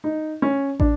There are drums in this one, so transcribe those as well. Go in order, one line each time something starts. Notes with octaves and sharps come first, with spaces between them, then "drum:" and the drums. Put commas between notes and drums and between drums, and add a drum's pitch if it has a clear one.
D#4
C#4
D4, drum: kick